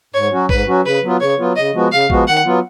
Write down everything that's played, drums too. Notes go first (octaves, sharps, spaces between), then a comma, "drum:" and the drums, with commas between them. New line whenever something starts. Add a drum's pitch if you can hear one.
G#2 C#5
F#3 C#4 F#4
G#2 B4, drum: kick
F#3 C#4 F#4
C#3 B4
F#3 B3 F4
C#3 C#5
F#3 B3 F4
C#3 D#5
F3 G#3 B3 F#4
C#3 F5
F3 G#3 B3 F#4, drum: kick
D#3 F#5
F#3 B3 F4